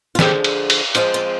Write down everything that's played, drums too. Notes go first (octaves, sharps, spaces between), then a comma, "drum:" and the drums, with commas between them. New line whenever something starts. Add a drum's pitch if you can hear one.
F4
D3 F3 G#3 G4, drum: snare
drum: cymbal
drum: cymbal
F3 G#3 C4 F4, drum: cymbal
F4